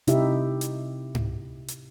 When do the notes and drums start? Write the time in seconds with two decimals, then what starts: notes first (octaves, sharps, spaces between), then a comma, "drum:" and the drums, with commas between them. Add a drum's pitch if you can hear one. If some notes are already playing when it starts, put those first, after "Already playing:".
0.07 C3 D#4 E4 G4 E5, drum: hi-hat
0.61 drum: hi-hat
1.15 drum: tom G#2
1.68 drum: hi-hat